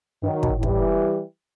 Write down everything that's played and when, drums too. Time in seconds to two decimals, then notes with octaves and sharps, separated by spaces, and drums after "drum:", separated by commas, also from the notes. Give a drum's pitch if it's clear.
0.23 G2 D#3 F#3
0.43 B2, drum: kick
0.53 A2
0.63 E3 G3, drum: kick